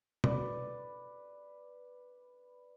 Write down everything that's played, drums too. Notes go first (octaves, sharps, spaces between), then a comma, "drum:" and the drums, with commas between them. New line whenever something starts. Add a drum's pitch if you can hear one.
B4 D5, drum: tom B2